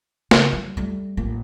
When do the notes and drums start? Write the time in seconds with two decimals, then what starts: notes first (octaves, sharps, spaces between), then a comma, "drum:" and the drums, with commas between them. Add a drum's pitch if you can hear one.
0.31 C#3, drum: snare
0.53 G3
0.77 G3 A3
1.17 A1 A#3